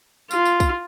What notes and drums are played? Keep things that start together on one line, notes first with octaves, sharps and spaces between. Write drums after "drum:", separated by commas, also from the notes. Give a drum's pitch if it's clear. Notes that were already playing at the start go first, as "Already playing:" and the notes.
F4, drum: tambourine
drum: tambourine
drum: kick, tambourine